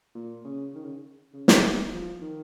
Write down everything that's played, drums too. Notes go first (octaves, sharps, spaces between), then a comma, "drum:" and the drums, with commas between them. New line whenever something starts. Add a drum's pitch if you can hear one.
A#2
C#3
D#3
C#3
C#3
D#3, drum: snare
F3
D#3